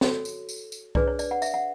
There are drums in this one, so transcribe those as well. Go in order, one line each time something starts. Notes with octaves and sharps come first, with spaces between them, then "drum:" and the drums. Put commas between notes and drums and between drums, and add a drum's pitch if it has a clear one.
F#4 A4 C#5, drum: snare
drum: tambourine
drum: tambourine
drum: tambourine
D4 G#4 B4 D5, drum: kick C2
C#5
D5, drum: tambourine
F#5
E5, drum: tambourine
F#5